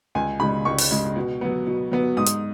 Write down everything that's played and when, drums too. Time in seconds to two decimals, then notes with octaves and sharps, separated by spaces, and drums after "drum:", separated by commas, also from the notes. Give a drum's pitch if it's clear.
0.15 C#2 G#5
0.40 C#3 G#3 B5
0.65 C#2 C#6
0.78 drum: open hi-hat
0.91 C#3 G#3
1.16 B2
1.41 F#3 B3
1.67 B2
1.92 F#3 B3
2.17 G#2 D#6
2.27 drum: hi-hat